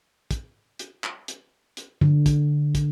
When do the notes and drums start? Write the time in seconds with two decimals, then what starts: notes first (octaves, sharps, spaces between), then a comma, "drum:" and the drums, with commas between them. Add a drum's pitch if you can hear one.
0.31 drum: kick, hi-hat
0.79 drum: hi-hat
1.04 drum: clap
1.28 drum: hi-hat
1.77 drum: hi-hat
2.01 D3, drum: tom
2.26 drum: kick, hi-hat
2.75 drum: kick, hi-hat